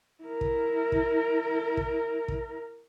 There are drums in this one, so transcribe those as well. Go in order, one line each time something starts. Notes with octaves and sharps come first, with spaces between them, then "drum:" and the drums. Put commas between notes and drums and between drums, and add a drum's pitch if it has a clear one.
E4 A#4
drum: kick
drum: kick
drum: kick
drum: kick